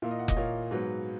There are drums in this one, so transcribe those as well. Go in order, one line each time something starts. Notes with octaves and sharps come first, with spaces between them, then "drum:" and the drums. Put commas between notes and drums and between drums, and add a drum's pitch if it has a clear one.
A#2 A#3 E4
D#5
F#5
D#5, drum: kick F1
A#2 A#3 C#5
G#2 F#3 B3